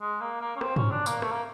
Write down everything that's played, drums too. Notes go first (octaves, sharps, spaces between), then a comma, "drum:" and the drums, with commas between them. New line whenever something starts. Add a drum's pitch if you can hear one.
G#3
A#3
A#3
C#4
C4, drum: rim click
C#4, drum: tom
D4
A#3, drum: tambourine
A3, drum: rim click
A#3